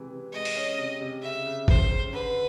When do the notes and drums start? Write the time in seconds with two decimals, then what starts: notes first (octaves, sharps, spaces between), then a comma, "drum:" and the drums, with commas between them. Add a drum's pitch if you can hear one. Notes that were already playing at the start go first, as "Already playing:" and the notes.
Already playing: C3 E3 G#3
0.11 C3
0.33 G#3 D#5
0.45 drum: open hi-hat
0.56 C#4
0.78 C3
1.01 C3
1.22 C#3 E5
1.45 C#3
1.68 C#3 C5, drum: kick G#1
1.91 C#3
2.13 D3 B4